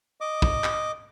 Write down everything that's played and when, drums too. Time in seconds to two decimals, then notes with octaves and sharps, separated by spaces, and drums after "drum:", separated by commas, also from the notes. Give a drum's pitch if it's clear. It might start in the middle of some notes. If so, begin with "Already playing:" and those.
0.21 D#5 D6
0.42 drum: kick
0.64 drum: clap